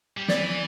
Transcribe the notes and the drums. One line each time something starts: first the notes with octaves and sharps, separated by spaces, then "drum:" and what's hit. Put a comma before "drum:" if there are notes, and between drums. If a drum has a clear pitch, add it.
G3
E3 D5, drum: snare